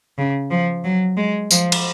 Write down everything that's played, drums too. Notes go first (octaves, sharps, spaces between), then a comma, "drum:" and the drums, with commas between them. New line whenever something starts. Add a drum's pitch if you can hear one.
C#3
F3
F#3
G#3
F3, drum: tambourine
drum: cymbal